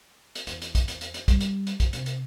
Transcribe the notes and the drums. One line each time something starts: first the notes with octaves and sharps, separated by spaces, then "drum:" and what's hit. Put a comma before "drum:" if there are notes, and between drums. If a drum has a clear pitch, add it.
drum: hi-hat
E2, drum: hi-hat
drum: hi-hat
drum: kick, hi-hat
drum: hi-hat
drum: hi-hat
drum: hi-hat
G3, drum: kick, hi-hat
drum: hi-hat
drum: hi-hat
drum: kick, hi-hat
C3, drum: hi-hat
drum: hi-hat